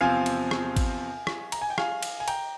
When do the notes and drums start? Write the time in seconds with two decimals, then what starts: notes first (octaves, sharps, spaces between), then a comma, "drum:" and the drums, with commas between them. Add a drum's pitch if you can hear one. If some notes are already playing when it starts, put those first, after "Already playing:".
0.01 E2 C3 F3 C4 F4 F5 G#5
0.26 drum: cymbal
0.51 drum: rim click
0.77 drum: kick, cymbal
1.27 drum: rim click
1.52 A#5, drum: cymbal
1.61 G#5
1.70 G5
1.78 F5 G#5, drum: rim click
2.03 drum: cymbal
2.20 G#5
2.28 G5 A#5, drum: cymbal